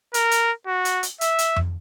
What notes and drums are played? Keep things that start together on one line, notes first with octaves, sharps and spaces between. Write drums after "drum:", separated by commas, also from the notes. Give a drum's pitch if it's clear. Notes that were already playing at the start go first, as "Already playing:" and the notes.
A#4, drum: hi-hat
drum: hi-hat
F#4
drum: hi-hat
drum: hi-hat
E5, drum: hi-hat
drum: hi-hat
drum: tom F2